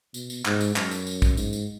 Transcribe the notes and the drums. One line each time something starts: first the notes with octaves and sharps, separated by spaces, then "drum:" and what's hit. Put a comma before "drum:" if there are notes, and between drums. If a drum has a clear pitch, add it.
B2, drum: tambourine
drum: tambourine
G#2, drum: clap
drum: tambourine
F#2, drum: clap
drum: tambourine
drum: tambourine
drum: kick, tambourine
G#2, drum: tambourine
drum: tambourine